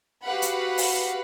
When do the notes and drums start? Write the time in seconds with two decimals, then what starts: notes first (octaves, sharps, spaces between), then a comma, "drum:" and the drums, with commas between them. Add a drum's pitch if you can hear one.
0.24 F#4 G4 B4 F5 F#5 B5
0.42 drum: hi-hat
0.78 drum: open hi-hat